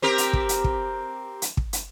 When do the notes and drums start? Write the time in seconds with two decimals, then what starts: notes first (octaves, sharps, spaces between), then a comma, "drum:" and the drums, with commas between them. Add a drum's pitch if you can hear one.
0.02 C4 G4 A#4
0.18 drum: hi-hat
0.33 drum: kick
0.49 drum: hi-hat
0.64 drum: kick
1.42 drum: hi-hat
1.57 drum: kick
1.73 drum: hi-hat